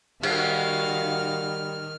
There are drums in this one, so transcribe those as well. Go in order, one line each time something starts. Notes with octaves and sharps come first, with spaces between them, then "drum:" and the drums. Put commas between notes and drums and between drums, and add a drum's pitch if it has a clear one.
D#3 G3 F#4 F5 F6, drum: cymbal